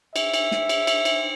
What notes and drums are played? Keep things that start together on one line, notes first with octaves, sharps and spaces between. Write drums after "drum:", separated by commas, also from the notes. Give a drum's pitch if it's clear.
E5, drum: cymbal
drum: cymbal
drum: snare
drum: cymbal
drum: cymbal
drum: cymbal